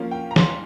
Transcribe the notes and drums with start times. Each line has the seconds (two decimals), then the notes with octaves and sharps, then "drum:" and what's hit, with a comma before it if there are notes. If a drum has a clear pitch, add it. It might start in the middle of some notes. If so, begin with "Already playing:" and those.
Already playing: F3 A#3 C#4 F5
0.11 G5
0.31 A#5
0.36 C6, drum: snare